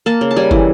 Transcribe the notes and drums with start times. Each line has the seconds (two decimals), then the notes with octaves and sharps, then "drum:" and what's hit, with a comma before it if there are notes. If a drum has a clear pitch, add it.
0.06 A#3 A5
0.21 C#3
0.31 A5
0.36 G3 G#5
0.51 E3, drum: kick